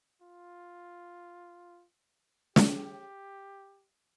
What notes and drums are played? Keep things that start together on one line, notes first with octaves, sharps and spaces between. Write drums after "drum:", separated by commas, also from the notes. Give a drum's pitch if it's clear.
F4
G4, drum: snare